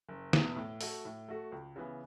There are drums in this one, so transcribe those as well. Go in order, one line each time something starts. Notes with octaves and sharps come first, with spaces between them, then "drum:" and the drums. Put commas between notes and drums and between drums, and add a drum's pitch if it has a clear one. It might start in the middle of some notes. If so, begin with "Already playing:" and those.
F#1
E2 B2 B3, drum: snare
A2
A3 F#4 A4, drum: open hi-hat
A2
A3 F#4 A4
C#2
C#3 E3 B3